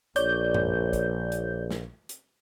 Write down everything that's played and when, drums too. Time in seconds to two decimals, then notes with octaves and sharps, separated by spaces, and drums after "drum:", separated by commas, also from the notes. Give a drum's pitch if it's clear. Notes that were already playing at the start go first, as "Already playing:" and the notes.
0.16 A#1 C#5 D5 G6, drum: hi-hat
0.54 drum: tom F#2
0.93 drum: kick, hi-hat
1.32 drum: hi-hat
1.71 drum: snare
2.09 drum: hi-hat